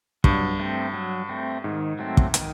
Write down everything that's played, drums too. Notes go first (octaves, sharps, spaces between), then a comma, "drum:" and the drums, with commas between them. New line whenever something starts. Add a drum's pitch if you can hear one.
G2 F#3, drum: kick
A3 C4
F#3
A3 C4
G#2 D#3
F#3 A3 C4
drum: kick
D#3, drum: hi-hat